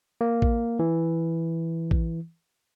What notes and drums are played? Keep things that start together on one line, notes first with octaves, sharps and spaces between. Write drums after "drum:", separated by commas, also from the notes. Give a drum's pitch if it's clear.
A#3
drum: kick A1
E3
drum: kick A1